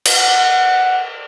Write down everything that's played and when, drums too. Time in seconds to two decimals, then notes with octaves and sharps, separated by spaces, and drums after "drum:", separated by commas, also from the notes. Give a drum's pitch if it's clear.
0.05 drum: cymbal
0.16 F#5